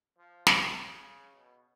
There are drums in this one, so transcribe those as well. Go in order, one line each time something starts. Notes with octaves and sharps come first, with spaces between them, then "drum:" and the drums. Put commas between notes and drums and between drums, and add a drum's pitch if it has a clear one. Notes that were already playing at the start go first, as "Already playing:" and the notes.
F3
C#3, drum: snare
C#3
B2